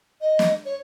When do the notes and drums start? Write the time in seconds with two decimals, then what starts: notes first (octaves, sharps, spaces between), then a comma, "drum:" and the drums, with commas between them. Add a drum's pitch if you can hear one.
0.21 D#5
0.39 drum: snare
0.65 C#5